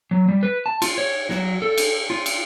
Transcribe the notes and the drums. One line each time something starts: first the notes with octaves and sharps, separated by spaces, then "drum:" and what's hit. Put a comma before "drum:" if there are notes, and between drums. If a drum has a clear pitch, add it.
F#3
G3
B4
A5
F4, drum: cymbal
C#5
F#3, drum: snare
A4
drum: cymbal
F4
drum: cymbal